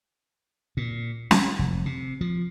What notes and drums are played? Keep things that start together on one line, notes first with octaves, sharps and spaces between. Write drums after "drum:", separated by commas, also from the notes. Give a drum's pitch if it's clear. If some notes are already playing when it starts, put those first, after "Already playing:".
A#2
C#4, drum: snare
F1
C3
F3